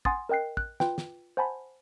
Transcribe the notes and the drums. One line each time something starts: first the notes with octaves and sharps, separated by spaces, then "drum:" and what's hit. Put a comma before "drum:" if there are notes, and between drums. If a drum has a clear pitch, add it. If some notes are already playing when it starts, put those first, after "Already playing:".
F#5 G#5 C6 D#6 A6, drum: kick
A#4 D#5 G5 F#6 C7
F#6, drum: kick
F4 B4 G5, drum: snare
drum: snare
C5 F#5 G#5 A5 B5